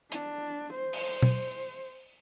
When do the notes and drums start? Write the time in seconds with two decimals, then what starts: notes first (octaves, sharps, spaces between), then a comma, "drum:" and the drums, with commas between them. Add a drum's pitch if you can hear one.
0.12 D4, drum: hi-hat
0.73 C5
0.93 drum: open hi-hat
1.22 drum: tom